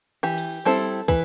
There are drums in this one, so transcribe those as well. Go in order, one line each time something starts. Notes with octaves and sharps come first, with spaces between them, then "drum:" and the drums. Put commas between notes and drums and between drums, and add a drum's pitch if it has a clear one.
E3 G4
drum: cymbal
G3 C4 E4 A4
E3 B4, drum: kick